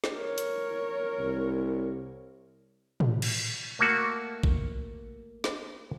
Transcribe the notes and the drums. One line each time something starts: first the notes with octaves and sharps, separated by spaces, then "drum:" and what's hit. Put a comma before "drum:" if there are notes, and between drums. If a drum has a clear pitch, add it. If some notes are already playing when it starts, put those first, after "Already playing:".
drum: snare
A#4 C#5
drum: hi-hat
C2
drum: tom A2
drum: cymbal
A3 A#3 F#4
drum: kick A1
drum: snare